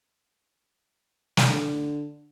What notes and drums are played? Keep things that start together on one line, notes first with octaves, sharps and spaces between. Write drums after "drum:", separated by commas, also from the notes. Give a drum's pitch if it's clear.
drum: snare
D3